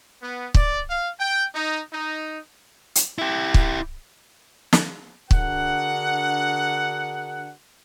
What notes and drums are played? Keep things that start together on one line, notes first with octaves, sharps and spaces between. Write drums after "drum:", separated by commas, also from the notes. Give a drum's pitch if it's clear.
B3
D5, drum: kick
F5
G5
D#4
D#4
drum: hi-hat
E4 G4
drum: kick
drum: snare
D3 D4 F#4 G#4 A#4 F#5, drum: kick